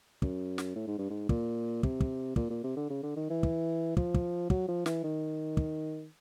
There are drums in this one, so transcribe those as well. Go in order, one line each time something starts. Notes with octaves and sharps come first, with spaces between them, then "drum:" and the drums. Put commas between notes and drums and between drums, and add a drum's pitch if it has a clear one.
F#2, drum: kick
drum: snare
A2
G#2
G2
G#2
A#2, drum: kick
C3, drum: kick
drum: kick
A#2, drum: kick
A#2
C3
D3
C#3
D3
D#3
E3
drum: kick
F3, drum: kick
drum: kick
F#3, drum: kick
F3
E3, drum: snare
D#3
drum: kick